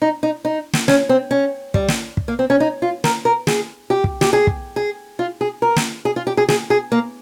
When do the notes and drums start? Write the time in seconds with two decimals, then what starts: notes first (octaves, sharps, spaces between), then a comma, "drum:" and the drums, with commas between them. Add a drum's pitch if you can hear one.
0.02 D#4
0.23 D#4
0.45 D#4
0.73 drum: snare
0.88 C#4, drum: snare
1.09 C4
1.31 C#4
1.74 G3, drum: kick
1.88 drum: snare
2.17 drum: kick
2.28 A#3
2.39 C4
2.50 C#4
2.60 D#4
2.82 F4
3.04 A#4, drum: snare
3.25 A#4
3.47 G#4, drum: snare
3.90 G4
4.04 drum: kick
4.21 G4, drum: snare
4.33 G#4
4.47 drum: kick
4.76 G#4
5.19 F4
5.41 G#4
5.62 A#4
5.76 drum: snare
6.05 G#4
6.16 F4
6.27 G4
6.37 G#4
6.49 G#4, drum: snare
6.70 G#4
6.92 A#3